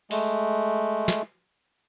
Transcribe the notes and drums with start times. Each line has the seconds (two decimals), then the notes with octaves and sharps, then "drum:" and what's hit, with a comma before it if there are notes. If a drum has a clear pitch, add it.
0.11 G#3 A3, drum: open hi-hat
1.08 drum: snare